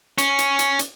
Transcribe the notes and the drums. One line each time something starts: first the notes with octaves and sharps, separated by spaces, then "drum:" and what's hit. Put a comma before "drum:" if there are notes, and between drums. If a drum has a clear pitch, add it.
C#4, drum: hi-hat
drum: hi-hat
drum: hi-hat
drum: hi-hat